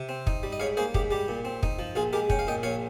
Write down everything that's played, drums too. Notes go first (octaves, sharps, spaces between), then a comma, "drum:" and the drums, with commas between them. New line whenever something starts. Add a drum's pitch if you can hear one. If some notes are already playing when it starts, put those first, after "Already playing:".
Already playing: C3
C4
D#4, drum: kick
G3
D#5
G#2 C#5 F5
A#3 G#4 C5
G#2 G4, drum: kick
G3 G4
A#2
C4
D#4, drum: kick
F3
A#1 F4 G#4
G#3 G4 A#4
C#4 G5, drum: kick
F5
A#2 D#5 G5
A#1 C#5 F5